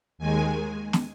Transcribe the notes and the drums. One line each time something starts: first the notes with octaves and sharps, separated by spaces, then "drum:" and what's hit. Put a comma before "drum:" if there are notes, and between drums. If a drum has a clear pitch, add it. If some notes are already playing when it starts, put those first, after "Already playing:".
D#2 D#3 G#3 G#5
drum: snare